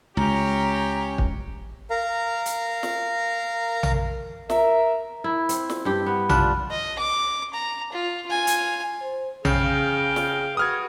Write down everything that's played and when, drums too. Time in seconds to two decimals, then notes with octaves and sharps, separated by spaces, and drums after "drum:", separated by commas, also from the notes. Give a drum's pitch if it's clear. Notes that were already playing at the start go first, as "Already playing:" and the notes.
0.17 C#2 C#4 G4 A#5
1.18 drum: kick
1.90 A#4 F5 A#5
2.46 drum: hi-hat
2.83 drum: snare
3.83 drum: tom A#1
4.50 A#4 E5, drum: snare
5.24 E4
5.49 C4, drum: hi-hat
5.70 drum: snare
5.85 G2 G4
6.06 B3
6.29 D4 F4 B4, drum: tom A#1
6.71 D#5
6.99 D6
7.54 A#5
7.92 F4
8.26 F4 G#5
8.47 drum: hi-hat
9.02 C5
9.45 C#3 G#4 F5 G5, drum: tom A#1
10.16 drum: snare
10.57 F#4 B4 D#6 F6 G#6